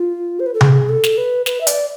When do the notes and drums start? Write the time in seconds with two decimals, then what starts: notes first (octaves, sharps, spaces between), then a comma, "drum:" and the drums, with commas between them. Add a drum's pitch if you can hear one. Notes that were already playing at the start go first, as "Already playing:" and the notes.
Already playing: F4
0.40 C5
0.46 B4
0.54 A4
0.61 G#4, drum: tom C3
0.89 A4
1.04 drum: snare
1.18 B4
1.46 B4, drum: snare
1.61 E5
1.67 D5, drum: hi-hat